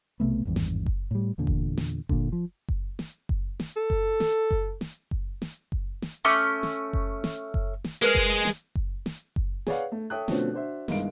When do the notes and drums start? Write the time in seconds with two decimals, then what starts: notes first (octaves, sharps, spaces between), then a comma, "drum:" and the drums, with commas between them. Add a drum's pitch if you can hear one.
0.20 B1 C3 A3 B3
0.45 G#1 E2 G2
0.56 drum: snare
0.86 drum: kick F#1
1.11 A2 G3
1.38 E2 A#2 D3
1.47 drum: kick F#1
1.77 drum: snare
2.09 A#2 D3, drum: kick F#1
2.32 F3
2.69 drum: kick F#1
2.99 drum: snare
3.29 drum: kick F#1
3.60 drum: snare
3.76 A4
3.90 drum: kick F#1
4.20 drum: snare
4.51 drum: kick F#1
4.81 drum: snare
5.11 drum: kick F#1
5.42 drum: snare
5.72 drum: kick F#1
6.02 drum: snare
6.25 A3 C#4 C#6 D6 C#7
6.63 drum: snare
6.93 drum: kick F#1
7.24 drum: snare
7.54 drum: kick F#1
7.84 drum: snare
8.02 G#3 G#4 A#4 B4 F6
8.15 drum: kick F#1
8.45 drum: snare
8.75 drum: kick F#1
9.06 drum: snare
9.36 drum: kick F#1
9.67 G#4 B4 C#5 D5 F5 F#5, drum: snare
9.92 A3
10.10 A4 C#5 E5 G5 D#6 F#6
10.28 B2 D3 F3 A3 C4 C#4, drum: snare
10.53 D4 F#4 C5 E5
10.88 G1 C2 D#3 G#3 F5 D7, drum: snare